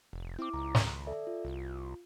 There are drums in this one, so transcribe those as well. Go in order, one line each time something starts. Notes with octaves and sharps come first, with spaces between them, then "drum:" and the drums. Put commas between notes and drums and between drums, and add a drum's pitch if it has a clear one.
F1
C4 E4 D6
C#2 A#5
drum: snare
A4 D5 E5
F4
C2